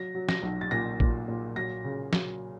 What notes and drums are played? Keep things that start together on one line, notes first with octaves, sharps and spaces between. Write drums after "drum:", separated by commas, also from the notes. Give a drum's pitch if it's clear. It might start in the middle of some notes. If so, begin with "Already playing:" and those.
Already playing: F#3 A#6
F#3
A#6, drum: snare
B1
A6
A#2 A#6
A#2, drum: kick A#1
A#2
F#3 A#6
C#3
F#3, drum: snare